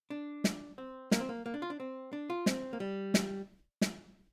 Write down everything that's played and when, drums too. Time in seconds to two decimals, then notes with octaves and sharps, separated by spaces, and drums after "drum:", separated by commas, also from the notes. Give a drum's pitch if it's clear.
0.10 D4
0.44 drum: snare
0.78 C4
1.11 A#3, drum: snare
1.20 C4
1.29 A#3
1.46 A#3
1.54 D4
1.62 F4
1.70 D4
1.80 C4
2.13 D4
2.30 F4
2.46 C4, drum: snare
2.73 A#3
2.80 G3
3.14 drum: snare
3.81 drum: snare